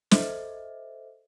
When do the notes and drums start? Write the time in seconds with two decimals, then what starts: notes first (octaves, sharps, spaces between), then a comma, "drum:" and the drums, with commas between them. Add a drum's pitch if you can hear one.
0.11 A4 C5 D#5 E5, drum: snare